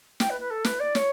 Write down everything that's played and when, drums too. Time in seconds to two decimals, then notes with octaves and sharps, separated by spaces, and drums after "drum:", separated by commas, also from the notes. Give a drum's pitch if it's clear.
0.20 G5, drum: snare
0.30 B4
0.40 B4
0.50 A4
0.64 B4, drum: snare
0.79 D5
0.95 C#5, drum: snare